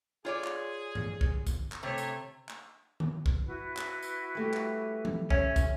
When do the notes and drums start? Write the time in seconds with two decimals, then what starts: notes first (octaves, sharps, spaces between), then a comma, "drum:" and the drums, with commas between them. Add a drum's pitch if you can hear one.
0.25 F4 G#4 C#5 D5
0.44 drum: clap
0.95 drum: tom G#2
1.21 drum: kick
1.47 drum: kick, tambourine
1.72 drum: clap
1.83 C3 A3 C4 C#5
1.98 drum: tambourine
2.49 drum: clap
3.00 drum: tom D#3
3.26 drum: kick
3.45 E4 F#4 B4
3.77 drum: clap
4.03 drum: tambourine
4.35 G3 A3 G4
4.54 drum: clap
5.05 drum: tom E3
5.30 C#4 C#5 E5, drum: kick
5.56 drum: kick, tambourine